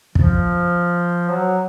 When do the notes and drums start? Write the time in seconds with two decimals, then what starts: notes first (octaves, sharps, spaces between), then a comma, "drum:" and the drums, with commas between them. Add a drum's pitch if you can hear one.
0.15 F3, drum: kick
1.30 F#3